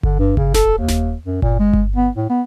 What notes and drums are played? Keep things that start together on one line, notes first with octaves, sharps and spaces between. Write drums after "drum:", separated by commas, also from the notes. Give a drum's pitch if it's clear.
D3, drum: kick G1
G2
C#3, drum: kick G1
A4, drum: snare D#1
D#2
drum: snare D#1
F#2
A#2, drum: kick G1
G#3
drum: kick G1
B3
A2
B3